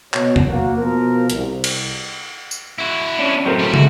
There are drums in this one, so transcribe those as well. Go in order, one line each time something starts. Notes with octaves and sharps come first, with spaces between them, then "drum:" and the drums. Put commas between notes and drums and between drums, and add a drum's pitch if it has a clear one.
B2 C#5, drum: clap
drum: tom
A#3 F#4
B2 F3 A#4
C2, drum: hi-hat
drum: cymbal
drum: tambourine
E4 F#4
C#4 D4
A2 F#3 C4 A4 A#4
G3 G4
G#3 A3 F#4, drum: tom